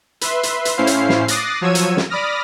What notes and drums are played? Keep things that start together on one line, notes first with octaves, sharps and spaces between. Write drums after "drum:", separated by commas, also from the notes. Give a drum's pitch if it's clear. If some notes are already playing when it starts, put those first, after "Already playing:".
B4 E5 C6, drum: hi-hat
drum: hi-hat
drum: hi-hat
A2 C#4 E4 C5 F5 C7
drum: hi-hat
drum: snare
D6 D#6 F#6 A6 A#6 C7, drum: hi-hat
F3 F#3 C#5 E6 G#6 D#7
drum: hi-hat
drum: snare
D5 B5 D6 D#6 F6 A#6